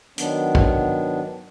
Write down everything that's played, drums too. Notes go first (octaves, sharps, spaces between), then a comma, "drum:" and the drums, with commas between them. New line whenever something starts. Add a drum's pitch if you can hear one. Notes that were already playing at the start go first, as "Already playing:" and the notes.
D#3 F#3 B3 D4, drum: hi-hat
drum: kick